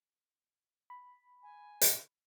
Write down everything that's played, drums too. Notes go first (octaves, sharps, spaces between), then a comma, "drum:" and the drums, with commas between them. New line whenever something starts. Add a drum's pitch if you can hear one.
B5
G#5
drum: hi-hat